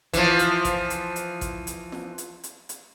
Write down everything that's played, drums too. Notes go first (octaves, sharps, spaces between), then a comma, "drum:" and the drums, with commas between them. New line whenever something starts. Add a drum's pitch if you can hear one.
E3 F3, drum: kick A1, hi-hat
drum: hi-hat
drum: kick A1, hi-hat
drum: hi-hat
drum: hi-hat
drum: kick A1, hi-hat
drum: hi-hat
drum: snare
drum: hi-hat
drum: hi-hat
drum: hi-hat